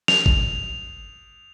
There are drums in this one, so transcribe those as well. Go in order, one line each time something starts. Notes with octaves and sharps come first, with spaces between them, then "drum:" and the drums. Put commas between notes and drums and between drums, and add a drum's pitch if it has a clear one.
F7, drum: snare
drum: kick G#1